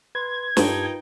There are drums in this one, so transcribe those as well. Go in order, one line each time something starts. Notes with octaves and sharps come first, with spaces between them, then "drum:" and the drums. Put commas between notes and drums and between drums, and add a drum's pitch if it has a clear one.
B4 C6 G#6
G2 D#4 F4 G4 A#4 B4 G5 A5, drum: snare